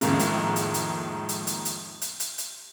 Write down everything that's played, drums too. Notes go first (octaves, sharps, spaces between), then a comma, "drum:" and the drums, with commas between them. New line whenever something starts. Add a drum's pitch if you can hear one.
F2 A2 D#3 G#3 A#3, drum: hi-hat
drum: hi-hat
drum: hi-hat
drum: hi-hat
drum: hi-hat
drum: hi-hat
drum: hi-hat
drum: hi-hat
drum: hi-hat
drum: hi-hat